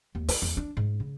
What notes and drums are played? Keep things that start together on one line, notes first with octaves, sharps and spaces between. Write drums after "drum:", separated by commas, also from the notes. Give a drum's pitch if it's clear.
D#2
E4, drum: open hi-hat
E2
D4
G#2
C#3